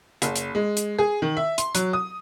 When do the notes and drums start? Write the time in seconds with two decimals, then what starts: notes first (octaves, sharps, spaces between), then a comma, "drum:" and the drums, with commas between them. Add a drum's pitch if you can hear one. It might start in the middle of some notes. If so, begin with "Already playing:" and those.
0.22 F#1, drum: hi-hat
0.36 drum: hi-hat
0.55 G#3
0.77 drum: hi-hat
0.99 G#4
1.22 D#3
1.37 E5
1.58 C6, drum: hi-hat
1.75 F#3, drum: hi-hat
1.93 D#6